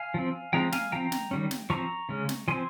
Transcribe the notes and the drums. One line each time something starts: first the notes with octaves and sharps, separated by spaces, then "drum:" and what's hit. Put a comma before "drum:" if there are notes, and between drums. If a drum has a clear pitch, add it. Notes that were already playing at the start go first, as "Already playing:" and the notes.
Already playing: F5 G#5
F3 C4
F3 G#3 C4 G5 A#5
F5 G#5, drum: snare
F3 C4 G5 A#5
drum: snare
D#3 G3 C#4
drum: snare
F3 C4 A#5 C#6
C#3 G#3 C#4
drum: snare
F3 C4 G#5 C6